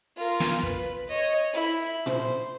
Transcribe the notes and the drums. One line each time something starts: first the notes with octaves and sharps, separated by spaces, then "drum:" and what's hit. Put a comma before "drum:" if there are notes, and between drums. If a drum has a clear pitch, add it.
F4 A#4
drum: snare
B4, drum: kick
C#5 D#5
E4
C5, drum: tom A#2